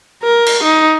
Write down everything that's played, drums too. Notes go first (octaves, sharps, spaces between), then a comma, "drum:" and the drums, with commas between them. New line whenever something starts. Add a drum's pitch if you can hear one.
A#4
drum: cymbal
D#4